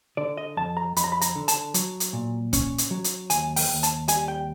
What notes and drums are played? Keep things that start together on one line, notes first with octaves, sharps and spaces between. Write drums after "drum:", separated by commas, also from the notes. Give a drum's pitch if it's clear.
D3 D5
D#5
F2 A5
A#5
F2 B5, drum: hi-hat
A#5
B5
A#5, drum: hi-hat
D3
A5, drum: hi-hat
F#3, drum: hi-hat
drum: hi-hat
A#2
C#4, drum: kick, hi-hat
drum: hi-hat
F#3
drum: hi-hat
D#2 G#5, drum: hi-hat
G5, drum: open hi-hat
D#2
A5, drum: hi-hat
G3 G#5, drum: hi-hat
G5